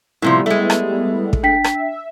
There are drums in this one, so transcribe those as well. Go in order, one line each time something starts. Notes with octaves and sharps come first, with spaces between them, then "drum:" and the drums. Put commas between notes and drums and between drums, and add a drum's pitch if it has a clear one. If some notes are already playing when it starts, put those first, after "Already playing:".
A2 C3 F3 G3 B3 E4
G#3 A3
drum: rim click
drum: kick
D4 G5 B6
drum: rim click
E5